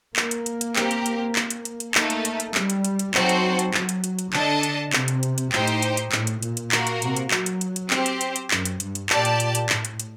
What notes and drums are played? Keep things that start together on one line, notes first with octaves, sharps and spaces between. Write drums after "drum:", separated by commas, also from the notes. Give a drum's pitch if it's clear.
A#3, drum: clap
drum: hi-hat
drum: hi-hat
drum: hi-hat
C4 G4 A#4, drum: clap
drum: hi-hat
drum: hi-hat
drum: clap
drum: hi-hat
drum: hi-hat
drum: hi-hat
A3 A#3 D#4 A4, drum: clap
drum: hi-hat
drum: hi-hat
drum: hi-hat
G3, drum: clap
drum: hi-hat
drum: hi-hat
drum: hi-hat
F#3 C4 D#4 F#4 A4 C5, drum: clap
drum: hi-hat
drum: hi-hat
F#3, drum: clap
drum: hi-hat
drum: hi-hat
drum: hi-hat
D3 D4 A4 D#5 A5, drum: clap
drum: hi-hat
C3, drum: clap
drum: hi-hat
drum: hi-hat
drum: hi-hat
A2 D#4 G4 C5 G5, drum: clap
drum: hi-hat
drum: hi-hat
drum: hi-hat
A2, drum: clap
drum: hi-hat
A#2, drum: hi-hat
drum: hi-hat
A#3 F#4 A#4, drum: clap
drum: hi-hat
C3, drum: hi-hat
drum: hi-hat
F#3, drum: clap
drum: hi-hat
drum: hi-hat
drum: hi-hat
C4 G4 C5, drum: clap
drum: hi-hat
drum: hi-hat
drum: hi-hat
F#2, drum: clap
drum: hi-hat
G2, drum: hi-hat
drum: hi-hat
A#2 G4 D5 A5, drum: clap
drum: hi-hat
drum: hi-hat
drum: hi-hat
A2, drum: clap
drum: hi-hat
drum: hi-hat